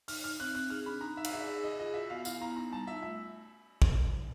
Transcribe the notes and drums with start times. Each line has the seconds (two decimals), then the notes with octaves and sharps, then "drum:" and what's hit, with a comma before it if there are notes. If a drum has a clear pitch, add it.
0.08 D#4 F6, drum: open hi-hat
0.24 D#4 F6
0.40 C4 F#6
0.55 C4 F#6
0.70 G#4 F6
0.86 D4 B5
1.01 D#4 A#5
1.17 D#4 E5
1.25 F5, drum: cymbal
1.33 G#4 E5
1.48 G#4
1.63 G#4 D#5
1.79 F4 D#5
1.94 F#4 E5
2.10 B3 F5
2.25 E4 F5, drum: tambourine
2.41 B3 A#5
2.57 D#4 A#5
2.71 G3 A5
2.87 F4 E5
3.02 A3 E5
3.82 drum: kick